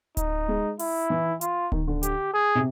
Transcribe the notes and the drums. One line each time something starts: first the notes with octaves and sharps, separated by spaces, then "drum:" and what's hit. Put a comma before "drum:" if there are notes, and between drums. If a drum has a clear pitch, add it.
D#4, drum: kick D1, hi-hat
G#3
E4, drum: open hi-hat
E3
F4, drum: hi-hat
D#3, drum: kick D1
D3
G4, drum: hi-hat
G#4
C3